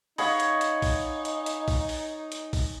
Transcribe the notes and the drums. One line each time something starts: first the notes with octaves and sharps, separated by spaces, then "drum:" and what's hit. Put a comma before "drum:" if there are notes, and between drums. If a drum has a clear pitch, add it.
D#4 G#4 C#5 D#5 F5 F#5 B5, drum: open hi-hat
drum: hi-hat
drum: hi-hat
drum: kick, open hi-hat
drum: hi-hat
drum: hi-hat
drum: kick, open hi-hat
drum: open hi-hat
drum: hi-hat
drum: kick, open hi-hat